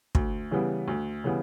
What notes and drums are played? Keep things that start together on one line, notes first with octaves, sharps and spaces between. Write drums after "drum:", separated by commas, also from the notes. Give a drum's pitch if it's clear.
D2, drum: kick
C#3 E3 G3 B3
D2
C#3 E3 G3 B3